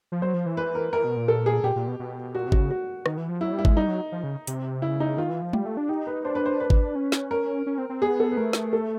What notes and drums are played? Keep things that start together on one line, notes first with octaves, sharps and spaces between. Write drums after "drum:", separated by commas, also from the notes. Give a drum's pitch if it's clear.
F3
F#3 C5
F3
E3
B4
A#4
E3 A#4
B2
A#2
A4
G#4
A#2 G4
A#2
B2
B2
A#2 F#4
C3
F#4, drum: kick G#1
C#3
F#4
D#3, drum: rim click
E3
F3
F#3 E4
G3
E4
G#3, drum: kick G#1
G3 D#4
F#3
F3
C#3
C3, drum: hi-hat
C#3 E4
D#4
D#3 F4
E3
F3
G3 G4, drum: tom G#3
A3
D4
D#4 G4
B4
D4 C5
B4
C5
B4
drum: kick G#1
C#4
drum: snare
A#4
C#4
C4
C4
B3 G#4
A4
B4
A3 A#4
drum: snare
A4